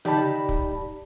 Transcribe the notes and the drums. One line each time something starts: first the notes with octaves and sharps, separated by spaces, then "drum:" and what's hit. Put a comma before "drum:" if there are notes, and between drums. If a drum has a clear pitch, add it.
D#4 G4 D5 A5 B5, drum: tom C#3
drum: kick